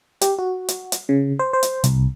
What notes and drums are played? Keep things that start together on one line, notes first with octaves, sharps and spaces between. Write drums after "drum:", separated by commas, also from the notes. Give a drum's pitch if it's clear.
G4, drum: hi-hat
F#4
drum: hi-hat
drum: hi-hat
C#3
C5
C5
drum: hi-hat
C2, drum: hi-hat